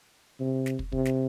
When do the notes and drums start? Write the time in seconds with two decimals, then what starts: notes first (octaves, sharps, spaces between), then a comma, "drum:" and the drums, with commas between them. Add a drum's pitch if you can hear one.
0.40 C3
0.66 drum: snare
0.79 drum: kick
0.92 C3, drum: kick
1.05 drum: snare